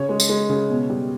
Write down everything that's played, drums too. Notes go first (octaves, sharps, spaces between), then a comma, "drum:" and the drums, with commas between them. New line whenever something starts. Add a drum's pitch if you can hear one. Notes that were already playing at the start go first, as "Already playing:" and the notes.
Already playing: C#3 C#5
G#3
drum: tambourine
G#3
C#3
B2
G3